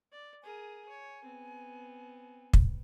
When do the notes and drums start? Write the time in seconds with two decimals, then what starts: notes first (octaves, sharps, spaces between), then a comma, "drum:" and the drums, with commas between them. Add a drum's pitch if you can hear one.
0.12 D5
0.43 G#4 A#4 G#5
0.89 C#5
1.23 B3 C4
2.54 drum: kick